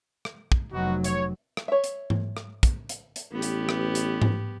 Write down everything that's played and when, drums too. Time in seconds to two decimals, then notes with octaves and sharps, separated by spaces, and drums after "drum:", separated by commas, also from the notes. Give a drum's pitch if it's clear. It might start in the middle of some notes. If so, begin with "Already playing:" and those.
0.25 drum: rim click
0.52 drum: kick
0.73 F1 F#3 B3 D#4 F#4
1.04 C#5, drum: hi-hat
1.57 drum: rim click
1.68 C#5 E5
1.84 drum: hi-hat
2.10 drum: tom G#2
2.37 drum: rim click
2.63 drum: kick, hi-hat
2.89 drum: hi-hat
3.16 drum: hi-hat
3.32 A1 B3 G4
3.42 drum: hi-hat
3.69 drum: rim click
3.95 drum: hi-hat
4.22 drum: tom G#2